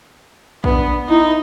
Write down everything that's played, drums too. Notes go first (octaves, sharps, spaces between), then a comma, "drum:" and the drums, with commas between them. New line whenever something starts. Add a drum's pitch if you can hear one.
B3 D4, drum: kick
D#4 E4